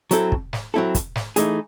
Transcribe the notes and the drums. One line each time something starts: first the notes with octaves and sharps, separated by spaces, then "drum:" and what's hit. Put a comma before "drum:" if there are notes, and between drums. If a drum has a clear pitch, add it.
F#3 C4 E4 A4, drum: hi-hat
drum: kick
drum: snare
F#3 C4 E4 A4
drum: kick, hi-hat
drum: snare
E3 A3 D#4 G#4, drum: hi-hat